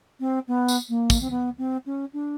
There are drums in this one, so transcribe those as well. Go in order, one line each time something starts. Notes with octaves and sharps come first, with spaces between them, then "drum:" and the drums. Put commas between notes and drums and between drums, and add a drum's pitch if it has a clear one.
C4
B3
drum: tambourine
A#3
drum: kick, tambourine
C4
B3
C4
C#4
D4